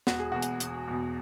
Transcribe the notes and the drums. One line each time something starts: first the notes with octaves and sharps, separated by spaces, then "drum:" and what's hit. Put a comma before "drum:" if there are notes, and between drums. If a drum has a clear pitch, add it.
E1 F#4, drum: snare
G#4
E2 B2 F#4
drum: hi-hat
E1, drum: hi-hat
E2 B2